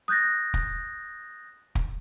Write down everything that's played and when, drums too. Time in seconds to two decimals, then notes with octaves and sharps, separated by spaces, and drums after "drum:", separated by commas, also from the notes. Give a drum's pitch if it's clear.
0.08 D#6 F#6 G6 A6 A#6
0.54 drum: kick
1.75 drum: kick